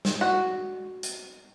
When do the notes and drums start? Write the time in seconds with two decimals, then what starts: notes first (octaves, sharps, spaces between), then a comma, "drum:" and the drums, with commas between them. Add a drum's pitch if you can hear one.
0.05 drum: snare
0.21 F#4
1.03 drum: hi-hat